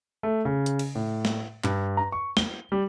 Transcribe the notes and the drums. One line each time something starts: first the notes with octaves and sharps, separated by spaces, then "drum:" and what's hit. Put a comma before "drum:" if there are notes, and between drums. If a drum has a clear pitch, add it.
A3
C#3
drum: hi-hat
drum: cymbal
A2
drum: snare
G2, drum: clap
A#5
C#6
G7, drum: snare
G3